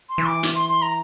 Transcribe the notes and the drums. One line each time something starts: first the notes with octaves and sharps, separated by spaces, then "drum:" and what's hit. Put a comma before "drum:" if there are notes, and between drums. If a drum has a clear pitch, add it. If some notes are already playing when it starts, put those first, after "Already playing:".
C6
E3
D6
drum: hi-hat
C6
C6
A#5